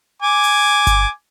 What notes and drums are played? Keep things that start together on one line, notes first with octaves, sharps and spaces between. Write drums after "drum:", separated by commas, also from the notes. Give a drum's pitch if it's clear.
G#5 D6
drum: open hi-hat
drum: kick G1, hi-hat